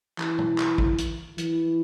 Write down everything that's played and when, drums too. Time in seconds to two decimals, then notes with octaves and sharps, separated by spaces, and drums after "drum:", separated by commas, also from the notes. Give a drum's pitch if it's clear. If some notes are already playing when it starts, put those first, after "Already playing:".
0.18 E3, drum: clap
0.39 drum: tom
0.58 drum: clap
0.78 drum: kick
0.98 drum: hi-hat
1.38 E3, drum: hi-hat